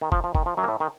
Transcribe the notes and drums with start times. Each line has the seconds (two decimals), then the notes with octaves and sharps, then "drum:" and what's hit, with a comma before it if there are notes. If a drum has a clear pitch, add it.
0.01 D#3
0.12 F3, drum: kick
0.24 F3
0.35 D#3, drum: kick
0.46 F3
0.57 F#2 F#3
0.63 A#3
0.68 A2 A3
0.80 D#3